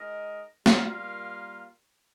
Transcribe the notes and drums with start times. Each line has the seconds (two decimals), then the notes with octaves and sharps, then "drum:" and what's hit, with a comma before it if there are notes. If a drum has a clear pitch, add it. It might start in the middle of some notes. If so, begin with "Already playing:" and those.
Already playing: G#3 D#4 A#4 D#5
0.66 G3 A#3 F4 A#4 F5, drum: snare